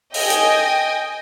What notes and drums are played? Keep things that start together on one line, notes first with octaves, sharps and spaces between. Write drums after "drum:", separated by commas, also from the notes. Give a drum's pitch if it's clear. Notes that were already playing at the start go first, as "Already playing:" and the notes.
D#5 G5 G#5, drum: open hi-hat
drum: hi-hat